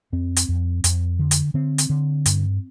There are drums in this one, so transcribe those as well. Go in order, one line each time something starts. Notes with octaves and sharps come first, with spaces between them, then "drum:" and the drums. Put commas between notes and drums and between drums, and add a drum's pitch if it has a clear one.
F2 C4
drum: hi-hat
F2
F2, drum: hi-hat
D3
drum: hi-hat
D3 C4
drum: hi-hat
D3
G2, drum: hi-hat